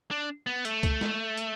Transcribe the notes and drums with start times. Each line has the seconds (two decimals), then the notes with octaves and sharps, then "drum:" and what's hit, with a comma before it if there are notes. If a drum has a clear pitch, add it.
0.11 D4
0.46 B3
0.65 A3, drum: hi-hat
0.83 drum: kick C2, hi-hat
1.01 drum: snare
1.37 drum: hi-hat